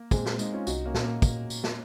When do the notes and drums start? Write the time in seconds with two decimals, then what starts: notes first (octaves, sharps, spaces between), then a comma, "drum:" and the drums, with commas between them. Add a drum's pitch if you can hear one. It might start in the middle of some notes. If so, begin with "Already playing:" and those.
Already playing: A#3
0.11 A#2 G#3 C4, drum: kick, tambourine
0.26 drum: snare
0.39 G#3 C4 D#4, drum: tambourine
0.53 C#4 F4
0.67 C2 D#4 F#4, drum: tambourine
0.86 A#3 C#4
0.94 A#2, drum: snare
1.04 A#3
1.22 A#2, drum: kick, tambourine
1.50 A#2, drum: tambourine
1.64 drum: snare